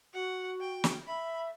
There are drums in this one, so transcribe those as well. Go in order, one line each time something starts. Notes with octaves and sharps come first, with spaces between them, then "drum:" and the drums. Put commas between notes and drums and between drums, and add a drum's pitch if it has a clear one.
F#4 F#5
G5
drum: snare
E5 B5